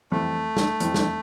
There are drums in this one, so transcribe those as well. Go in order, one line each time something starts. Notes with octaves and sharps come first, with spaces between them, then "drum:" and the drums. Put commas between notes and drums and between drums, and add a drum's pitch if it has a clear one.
F2 E3 G3 A3 C4 E4
drum: snare
F2 E3 G3 C4 E4, drum: hi-hat
drum: snare